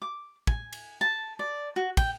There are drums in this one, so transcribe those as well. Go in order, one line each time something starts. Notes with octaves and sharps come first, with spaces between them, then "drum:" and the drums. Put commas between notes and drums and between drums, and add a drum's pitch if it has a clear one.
D6
G#5, drum: kick
drum: cymbal
A5
D5
F#4
G5, drum: kick, cymbal